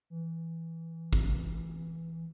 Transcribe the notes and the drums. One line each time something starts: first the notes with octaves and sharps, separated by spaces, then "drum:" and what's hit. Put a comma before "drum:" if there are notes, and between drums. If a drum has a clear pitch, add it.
E3
drum: kick